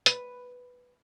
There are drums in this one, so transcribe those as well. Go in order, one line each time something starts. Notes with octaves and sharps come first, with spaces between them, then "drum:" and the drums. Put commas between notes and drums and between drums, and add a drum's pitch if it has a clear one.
B4, drum: hi-hat